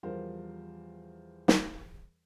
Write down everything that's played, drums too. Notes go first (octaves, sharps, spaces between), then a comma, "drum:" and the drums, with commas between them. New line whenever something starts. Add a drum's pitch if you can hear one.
E2 F3 G3 A#4 C5 F5
drum: snare